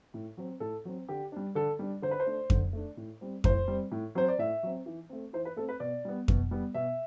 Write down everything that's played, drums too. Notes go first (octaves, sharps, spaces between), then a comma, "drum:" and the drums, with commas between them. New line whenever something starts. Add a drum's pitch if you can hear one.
A2
F#3 C4
A2 A4
F#3 C4
D3 G4
G3 D4
D3 A4
G3 D4
D3 C5
B4
C5
A3 D4
D3, drum: kick F2
A3 D4
A2
G3 C4
A2 C5, drum: kick F2
G3 C4
A2
F#3 C4 C5
D5
A2 E5
F#3 C4
E3
A3 C4
E3 C5
B4
A3 C4 A4
B4
B2 D5
G3 B3
B2, drum: kick F2
G3 B3
B2 E5